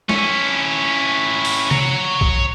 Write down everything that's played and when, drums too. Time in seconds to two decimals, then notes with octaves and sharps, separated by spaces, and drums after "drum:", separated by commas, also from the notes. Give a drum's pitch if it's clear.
0.09 C#4 E4, drum: snare
1.45 drum: open hi-hat
1.71 C#5 A#5, drum: tom C3
2.21 drum: kick B1